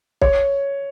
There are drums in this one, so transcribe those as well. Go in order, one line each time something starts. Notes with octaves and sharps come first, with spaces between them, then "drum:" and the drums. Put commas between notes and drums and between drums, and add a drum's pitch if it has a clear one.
C#5, drum: kick